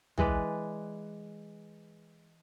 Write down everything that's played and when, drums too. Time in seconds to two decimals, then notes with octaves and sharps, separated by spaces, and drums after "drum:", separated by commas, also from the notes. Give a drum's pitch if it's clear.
0.18 E3 G#3 B4 D5, drum: tom